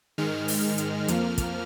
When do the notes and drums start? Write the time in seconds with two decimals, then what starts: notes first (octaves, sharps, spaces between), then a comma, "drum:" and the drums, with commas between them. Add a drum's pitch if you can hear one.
0.18 G#2 D#3 G#3 F6
0.48 drum: open hi-hat
0.78 drum: hi-hat
1.08 F2 F3 A#3, drum: hi-hat
1.38 drum: kick, hi-hat